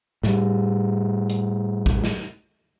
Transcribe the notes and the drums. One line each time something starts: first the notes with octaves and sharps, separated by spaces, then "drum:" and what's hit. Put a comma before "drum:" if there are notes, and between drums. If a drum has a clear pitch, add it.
A2 G3, drum: snare
drum: hi-hat
drum: kick G#1
drum: snare